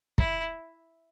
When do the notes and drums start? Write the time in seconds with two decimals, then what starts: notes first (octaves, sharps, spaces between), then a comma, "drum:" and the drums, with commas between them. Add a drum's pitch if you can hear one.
0.18 E4, drum: kick